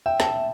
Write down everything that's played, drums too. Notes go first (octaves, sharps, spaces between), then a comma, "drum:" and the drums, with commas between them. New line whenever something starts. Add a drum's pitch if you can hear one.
E5 G5
A5, drum: snare